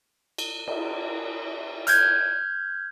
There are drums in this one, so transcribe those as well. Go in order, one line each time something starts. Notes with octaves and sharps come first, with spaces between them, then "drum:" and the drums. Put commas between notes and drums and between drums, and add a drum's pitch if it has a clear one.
drum: cymbal
drum: cymbal
F6 G6 G#6, drum: hi-hat